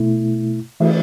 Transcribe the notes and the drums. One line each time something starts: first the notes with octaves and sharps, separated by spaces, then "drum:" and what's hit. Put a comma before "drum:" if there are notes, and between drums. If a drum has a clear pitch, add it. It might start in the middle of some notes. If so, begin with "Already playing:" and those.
Already playing: B2 A3 E4
E3 A3, drum: cymbal